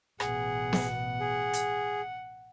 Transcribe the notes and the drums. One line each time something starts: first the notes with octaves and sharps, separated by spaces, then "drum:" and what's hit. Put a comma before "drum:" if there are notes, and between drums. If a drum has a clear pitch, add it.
A1 B2 G#4 F#5, drum: rim click
drum: snare B3
G#4
drum: hi-hat